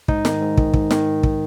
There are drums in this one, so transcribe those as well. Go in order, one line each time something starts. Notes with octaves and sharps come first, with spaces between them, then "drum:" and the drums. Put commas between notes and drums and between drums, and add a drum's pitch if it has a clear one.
G#2 D#4, drum: kick
D#3, drum: snare
G#2
D#3, drum: kick
G#2, drum: kick
D#3, drum: snare
drum: kick